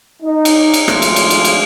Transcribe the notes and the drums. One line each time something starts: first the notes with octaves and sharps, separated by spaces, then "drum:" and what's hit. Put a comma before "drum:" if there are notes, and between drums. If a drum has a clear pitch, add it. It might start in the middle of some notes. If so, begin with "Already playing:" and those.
D#4
drum: cymbal
drum: cymbal
G#1 F3 A3 F4 A4, drum: rim click
drum: cymbal
drum: cymbal
drum: cymbal
drum: cymbal